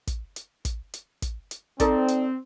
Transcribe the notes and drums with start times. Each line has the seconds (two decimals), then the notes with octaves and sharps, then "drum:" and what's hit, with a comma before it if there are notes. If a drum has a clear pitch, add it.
0.07 drum: kick, hi-hat
0.36 drum: hi-hat
0.65 drum: kick, hi-hat
0.94 drum: hi-hat
1.22 drum: kick, hi-hat
1.51 drum: hi-hat
1.80 C4 D#4 A4 D5, drum: kick, hi-hat
2.08 drum: hi-hat